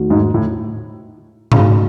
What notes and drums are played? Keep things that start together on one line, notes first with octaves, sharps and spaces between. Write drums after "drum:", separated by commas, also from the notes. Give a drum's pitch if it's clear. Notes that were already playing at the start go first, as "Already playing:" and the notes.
Already playing: E2 D#3 A3 D#4 F#4
G#2
A2
C#3 E3 A3 D#4 F#4, drum: tom G#2